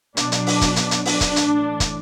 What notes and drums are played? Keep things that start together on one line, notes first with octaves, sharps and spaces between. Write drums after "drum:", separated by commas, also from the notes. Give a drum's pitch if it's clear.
B2 F#3 D4, drum: hi-hat
drum: hi-hat
drum: open hi-hat
drum: kick, hi-hat
drum: hi-hat
drum: hi-hat
D4, drum: open hi-hat
drum: kick, hi-hat
A2 E3, drum: hi-hat
drum: kick, hi-hat